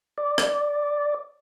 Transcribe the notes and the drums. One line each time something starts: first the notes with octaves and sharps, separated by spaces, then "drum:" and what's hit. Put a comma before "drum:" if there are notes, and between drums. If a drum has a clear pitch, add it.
D5
drum: rim click